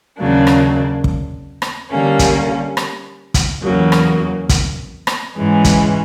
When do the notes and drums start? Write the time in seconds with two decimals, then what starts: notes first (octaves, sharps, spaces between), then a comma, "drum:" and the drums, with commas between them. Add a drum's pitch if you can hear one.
0.18 D#2 C#3 F#3 A#3 D4
0.47 drum: rim click
1.04 drum: kick
1.62 drum: rim click
1.91 D3 G3 A#3 C#4
2.19 drum: kick, hi-hat
2.77 drum: rim click
3.34 drum: kick, hi-hat
3.63 E2 C#3 F#3 A#3
3.92 drum: rim click
4.49 drum: kick, hi-hat
5.07 drum: rim click
5.36 G#2 E3 G#3 C#4
5.65 drum: kick, hi-hat